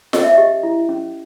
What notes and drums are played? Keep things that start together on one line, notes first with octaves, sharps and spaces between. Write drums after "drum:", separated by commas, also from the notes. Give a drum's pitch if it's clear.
C#4 D#5, drum: snare F4
E5
G4 D#5
E4
C#4